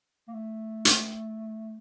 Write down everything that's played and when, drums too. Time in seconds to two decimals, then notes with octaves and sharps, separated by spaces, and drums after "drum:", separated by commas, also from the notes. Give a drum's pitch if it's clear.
0.28 A#3
0.33 A3
0.85 drum: hi-hat